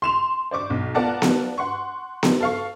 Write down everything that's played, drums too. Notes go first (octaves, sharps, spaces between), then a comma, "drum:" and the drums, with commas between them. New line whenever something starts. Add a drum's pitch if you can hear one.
C6 E7 F7
C5 D5 C#6 D6
B1
B3 F4 A#4 D5 F#5 A5
drum: snare B3
F#5 C6 C#6
drum: snare B3
A4 F5 C#6